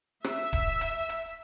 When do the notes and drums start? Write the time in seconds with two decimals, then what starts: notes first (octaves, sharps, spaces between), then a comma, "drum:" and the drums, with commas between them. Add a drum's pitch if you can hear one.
0.24 E5, drum: rim click
0.53 drum: kick D1, hi-hat
0.81 drum: hi-hat
1.09 drum: hi-hat